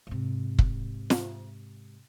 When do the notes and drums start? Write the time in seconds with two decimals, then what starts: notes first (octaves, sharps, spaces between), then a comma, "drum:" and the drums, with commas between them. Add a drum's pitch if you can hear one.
0.07 G#2 C3
0.59 drum: kick
1.10 drum: snare